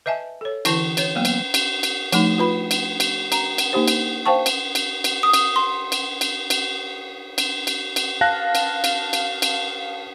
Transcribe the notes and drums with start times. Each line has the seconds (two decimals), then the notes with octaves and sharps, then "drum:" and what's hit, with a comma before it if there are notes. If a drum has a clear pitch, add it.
0.06 B4 D#5 E5 G#5 A5
0.41 A4 C#5
0.65 D3 E3 E4, drum: cymbal
0.97 B4 C#5, drum: cymbal
1.15 F#3 A#3 B3
1.25 drum: cymbal
1.54 drum: cymbal
1.83 drum: cymbal
2.13 F3 A3 D#4, drum: cymbal
2.38 F4 B4 B5
2.71 drum: cymbal
3.00 drum: cymbal
3.32 A#5, drum: cymbal
3.58 drum: cymbal
3.73 A#3 D#4 G4 C5
3.88 drum: cymbal
4.26 C5 F5 G5 A5 C#6
4.46 drum: cymbal
4.75 drum: cymbal
5.04 drum: cymbal
5.23 D#6
5.34 drum: cymbal
5.56 C6
5.92 drum: cymbal
6.21 drum: cymbal
6.50 drum: cymbal
7.38 drum: cymbal
7.67 drum: cymbal
7.96 drum: cymbal
8.21 F5 A5 F#6 A#6
8.55 drum: cymbal
8.84 drum: cymbal
9.13 drum: cymbal
9.42 drum: cymbal